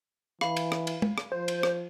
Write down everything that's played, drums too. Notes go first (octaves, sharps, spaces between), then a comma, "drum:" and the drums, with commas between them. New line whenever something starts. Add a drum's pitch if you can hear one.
E3 F5 B5, drum: rim click
drum: cymbal
drum: rim click
drum: cymbal
drum: tom
drum: rim click
F3 C5
drum: cymbal
drum: rim click